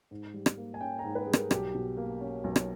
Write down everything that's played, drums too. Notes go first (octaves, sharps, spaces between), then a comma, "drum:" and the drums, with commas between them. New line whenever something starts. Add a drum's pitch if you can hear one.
G#2
G3
drum: rim click
A#3
G#5
C#4 G5
A#5
G#2
B4
G3 G#4
A#4, drum: rim click
B1 G4, drum: rim click
B2
A#3
C#4
B1
drum: rim click